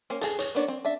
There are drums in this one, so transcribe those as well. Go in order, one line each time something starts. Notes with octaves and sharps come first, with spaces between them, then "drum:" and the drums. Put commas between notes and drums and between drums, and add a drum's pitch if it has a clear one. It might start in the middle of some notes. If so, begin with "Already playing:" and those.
A#3 C#4 C5
G#4 A4, drum: hi-hat
C#5, drum: hi-hat
A#3 B3 D4 C#5
C4
D4 E5